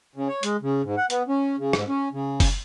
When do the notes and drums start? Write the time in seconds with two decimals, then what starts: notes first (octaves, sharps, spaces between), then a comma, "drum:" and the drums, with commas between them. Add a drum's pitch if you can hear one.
0.15 C#3
0.29 C#5
0.43 G#3, drum: hi-hat
0.62 C#3
0.84 G#2
0.97 F#5
1.10 B3, drum: hi-hat
1.28 C#4
1.58 C#3
1.73 G#2, drum: rim click
1.88 C#4
2.13 C#3
2.40 drum: kick F#1, open hi-hat